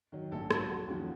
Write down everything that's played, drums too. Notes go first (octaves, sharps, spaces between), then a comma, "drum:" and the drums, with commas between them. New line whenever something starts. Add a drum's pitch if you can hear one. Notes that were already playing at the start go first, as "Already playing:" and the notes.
D#3 F#3
A#1 A4
A#2 F#3 A4, drum: rim click
F1 F#4
D#2 C#3 F3 F#4